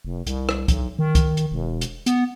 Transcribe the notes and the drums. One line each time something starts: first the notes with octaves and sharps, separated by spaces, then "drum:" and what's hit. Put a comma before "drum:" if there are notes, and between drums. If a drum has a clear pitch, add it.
F1
C2, drum: hi-hat
drum: rim click
B1, drum: kick C#2, hi-hat
D#3
drum: kick C#2, hi-hat
drum: hi-hat
E1
drum: hi-hat
B3, drum: hi-hat